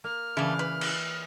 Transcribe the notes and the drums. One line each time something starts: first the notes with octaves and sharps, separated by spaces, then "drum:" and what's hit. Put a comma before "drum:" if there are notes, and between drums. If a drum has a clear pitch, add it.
A#3 F6
C#3 E3 A3 A#3 D5
B4
drum: cymbal